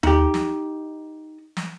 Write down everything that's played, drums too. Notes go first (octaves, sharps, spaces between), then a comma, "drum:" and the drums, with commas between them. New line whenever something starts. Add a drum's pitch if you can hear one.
D#4 G4, drum: tom D#2
drum: snare
drum: snare